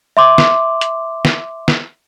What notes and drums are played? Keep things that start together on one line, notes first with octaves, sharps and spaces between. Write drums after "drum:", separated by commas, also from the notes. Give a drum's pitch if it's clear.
E5 C6 D6
drum: snare
drum: hi-hat
drum: snare
drum: snare